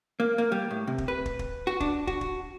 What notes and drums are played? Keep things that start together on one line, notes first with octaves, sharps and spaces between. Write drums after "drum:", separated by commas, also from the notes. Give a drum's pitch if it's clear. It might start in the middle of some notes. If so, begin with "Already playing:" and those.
A#3
A#3
G3
A2
C3
drum: kick
B4
drum: kick
drum: kick
F#4
D4, drum: kick
F#4, drum: kick
drum: kick